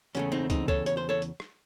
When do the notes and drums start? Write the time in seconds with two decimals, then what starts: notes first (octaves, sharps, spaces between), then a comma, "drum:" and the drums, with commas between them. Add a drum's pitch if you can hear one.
0.15 E2 C#3 F#3 A3 C#4, drum: hi-hat
0.32 C4 D#4
0.50 C4 D#4, drum: kick, hi-hat
0.68 A4 C#5, drum: kick
0.86 C#5, drum: hi-hat
0.97 C5
1.09 A4 C#5
1.22 drum: hi-hat
1.40 drum: rim click